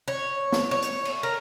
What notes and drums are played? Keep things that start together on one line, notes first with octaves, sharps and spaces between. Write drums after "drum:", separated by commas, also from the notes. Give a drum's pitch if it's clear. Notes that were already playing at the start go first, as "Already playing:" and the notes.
C#5
drum: snare
C#5
drum: hi-hat
drum: cymbal
A#4